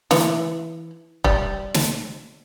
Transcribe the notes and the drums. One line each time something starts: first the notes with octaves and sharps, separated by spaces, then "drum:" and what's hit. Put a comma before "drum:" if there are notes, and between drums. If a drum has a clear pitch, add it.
E3, drum: snare
G3, drum: kick
drum: snare